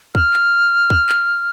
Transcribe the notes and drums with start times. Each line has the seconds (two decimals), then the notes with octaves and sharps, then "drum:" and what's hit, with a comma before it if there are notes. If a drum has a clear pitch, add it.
0.15 F6, drum: kick
0.33 drum: clap
0.90 drum: kick
1.09 drum: clap